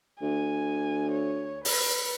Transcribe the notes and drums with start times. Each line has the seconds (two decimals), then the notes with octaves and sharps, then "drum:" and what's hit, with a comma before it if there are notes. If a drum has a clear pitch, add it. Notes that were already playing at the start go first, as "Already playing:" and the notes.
0.22 D2 G#5
1.12 C#5
1.65 B4, drum: open hi-hat